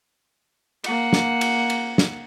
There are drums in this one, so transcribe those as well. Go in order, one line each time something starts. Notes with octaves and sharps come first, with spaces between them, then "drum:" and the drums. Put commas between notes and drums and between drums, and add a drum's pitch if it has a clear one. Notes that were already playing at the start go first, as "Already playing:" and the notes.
A#3 F#5, drum: cymbal
drum: snare
drum: cymbal
drum: cymbal
drum: snare